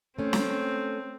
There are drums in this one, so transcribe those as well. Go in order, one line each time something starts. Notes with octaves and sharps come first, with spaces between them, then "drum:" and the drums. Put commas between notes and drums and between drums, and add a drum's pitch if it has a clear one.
A3 C4 C#4
drum: snare